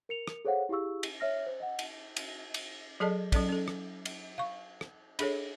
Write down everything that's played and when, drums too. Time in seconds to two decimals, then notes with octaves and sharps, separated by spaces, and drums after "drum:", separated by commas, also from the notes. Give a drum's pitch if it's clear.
0.09 A#4 C#7 F7
0.28 drum: rim click
0.45 G#4 A4 C5 C#5 F5 F#5
0.69 E4 G4 G#4 F5 C#6 E6
1.03 drum: cymbal
1.20 C#5 E5 F6 A#6
1.47 C5
1.60 D#5 F#5
1.79 drum: cymbal
2.16 drum: cymbal
2.54 drum: cymbal
3.00 F#3 G#4 A4 D5 D#5 A5
3.32 F#3 C#4 A4 D5, drum: kick, cymbal
3.49 C#4 A4
3.68 drum: rim click
4.05 drum: cymbal
4.38 F5 C#6
4.81 drum: rim click
5.19 D4 G#4 A4 C#5, drum: cymbal